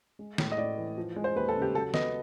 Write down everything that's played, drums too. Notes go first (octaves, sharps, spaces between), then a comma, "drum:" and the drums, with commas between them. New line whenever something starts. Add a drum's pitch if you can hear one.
G#3
A2, drum: snare
D#5
A2 D5
E3
F3
G#3
C5
D#2 B4
A4
C#3
G4
F#3 A4
B3 D#5, drum: snare